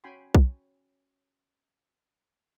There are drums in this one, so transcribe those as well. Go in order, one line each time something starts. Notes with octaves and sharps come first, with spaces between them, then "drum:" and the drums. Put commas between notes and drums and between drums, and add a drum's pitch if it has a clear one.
C#4 F#4 G5 G#5 B5 C6
drum: kick B1